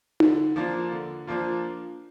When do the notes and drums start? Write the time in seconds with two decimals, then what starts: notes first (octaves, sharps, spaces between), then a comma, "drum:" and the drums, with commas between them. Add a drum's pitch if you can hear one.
0.20 D3, drum: tom D#4
0.56 F3 A#3 D4 F4
0.92 D3
1.27 F3 A#3 D4 F4